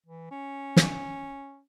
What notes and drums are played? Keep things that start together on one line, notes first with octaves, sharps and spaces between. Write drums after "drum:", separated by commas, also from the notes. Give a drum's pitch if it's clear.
E3
C#4
drum: snare